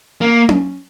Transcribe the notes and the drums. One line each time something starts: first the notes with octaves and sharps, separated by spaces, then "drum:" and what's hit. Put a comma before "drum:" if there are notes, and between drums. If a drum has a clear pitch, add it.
A#3
drum: tom C#4